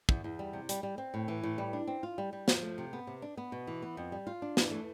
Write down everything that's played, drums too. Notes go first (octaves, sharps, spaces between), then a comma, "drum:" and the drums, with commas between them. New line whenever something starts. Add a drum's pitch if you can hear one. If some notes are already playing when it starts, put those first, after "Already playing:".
E2, drum: kick
E2
G3
C3
G3, drum: hi-hat
G3
C4
A2
E3
A2
G3
D4
C4
F4
G3
G3
F3, drum: snare
A3
C3
B3
C3
D4
B3
B2
E3
B3
F2
G3
F4
D4
E3, drum: snare
A3